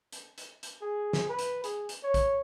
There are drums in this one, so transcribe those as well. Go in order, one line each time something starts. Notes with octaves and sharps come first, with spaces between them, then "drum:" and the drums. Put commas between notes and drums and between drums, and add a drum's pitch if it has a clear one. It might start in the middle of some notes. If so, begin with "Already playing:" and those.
drum: hi-hat
drum: hi-hat
drum: hi-hat
G#4
drum: snare
B4
drum: hi-hat
G#4, drum: hi-hat
drum: hi-hat
C#5
drum: kick A#1, hi-hat